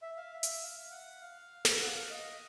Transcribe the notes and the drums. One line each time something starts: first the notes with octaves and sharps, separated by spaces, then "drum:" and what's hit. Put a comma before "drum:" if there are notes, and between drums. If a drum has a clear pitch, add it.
E5
F5
E5
drum: hi-hat
F5
F#5
F5
drum: snare
F#5
F5
D#5